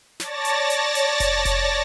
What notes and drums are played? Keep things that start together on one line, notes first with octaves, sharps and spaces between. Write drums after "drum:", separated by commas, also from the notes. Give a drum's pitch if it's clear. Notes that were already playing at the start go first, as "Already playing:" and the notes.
C#5 D5 A5 A6 A#6, drum: snare
drum: hi-hat
drum: hi-hat
drum: hi-hat
drum: kick F1, hi-hat
drum: kick F1, hi-hat